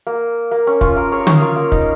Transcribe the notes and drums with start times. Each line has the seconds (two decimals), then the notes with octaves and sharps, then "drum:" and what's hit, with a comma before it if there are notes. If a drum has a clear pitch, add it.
0.07 A#3
0.51 A#3
0.67 C#4
0.81 C#4 F4, drum: kick
0.96 F4 A#4
1.12 G#4 C#5
1.20 A#4
1.27 G#4 C#5, drum: tom D3
1.41 F4 A#4
1.56 A#3
1.72 D#4, drum: kick